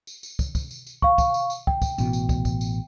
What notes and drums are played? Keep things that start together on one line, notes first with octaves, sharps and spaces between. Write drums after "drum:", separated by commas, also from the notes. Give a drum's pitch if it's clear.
drum: tambourine
drum: tambourine
drum: kick, tambourine
drum: kick, tambourine
drum: tambourine
drum: tambourine
F5 C#6, drum: kick
drum: kick, tambourine
drum: tambourine
drum: tambourine
G5, drum: kick
drum: kick, tambourine
A1 B2, drum: tambourine
drum: tambourine
drum: kick, tambourine
drum: kick, tambourine
drum: tambourine